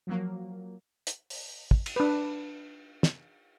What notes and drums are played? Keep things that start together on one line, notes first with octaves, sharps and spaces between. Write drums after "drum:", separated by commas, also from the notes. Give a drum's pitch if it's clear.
F3 F#3 A#3
drum: hi-hat
drum: open hi-hat
drum: kick
drum: cymbal
D4 B4
drum: snare